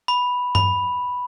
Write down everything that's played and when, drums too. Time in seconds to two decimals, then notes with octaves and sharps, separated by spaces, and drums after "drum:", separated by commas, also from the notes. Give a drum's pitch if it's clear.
0.08 B5
0.55 B5, drum: tom G2